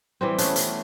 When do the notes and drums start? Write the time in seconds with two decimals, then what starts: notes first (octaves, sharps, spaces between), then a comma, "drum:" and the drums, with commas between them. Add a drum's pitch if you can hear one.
0.21 E3 G3 C4
0.38 A3 B3 C#4, drum: hi-hat
0.56 drum: hi-hat